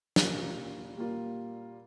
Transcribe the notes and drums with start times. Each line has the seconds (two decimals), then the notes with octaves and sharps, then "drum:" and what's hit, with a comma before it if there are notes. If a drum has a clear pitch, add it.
0.16 A#2 G3 A#3 F4, drum: snare
0.96 A#2 G3 A#3 F4